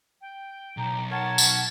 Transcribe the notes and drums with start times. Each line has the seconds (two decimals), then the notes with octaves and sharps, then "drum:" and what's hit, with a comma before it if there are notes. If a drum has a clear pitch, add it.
0.21 G5
0.77 B1 A#5
1.11 A#4 C#5 F#5 A5
1.38 drum: tambourine